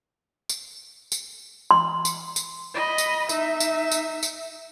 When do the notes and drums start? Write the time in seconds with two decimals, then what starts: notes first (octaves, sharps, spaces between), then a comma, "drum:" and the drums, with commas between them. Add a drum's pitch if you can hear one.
0.50 drum: tambourine
1.12 drum: tambourine
1.71 C6
2.05 drum: tambourine
2.36 drum: tambourine
2.75 D#5 B5
2.98 drum: tambourine
3.29 D#4 E5, drum: tambourine
3.60 drum: tambourine
3.92 drum: tambourine
4.23 drum: tambourine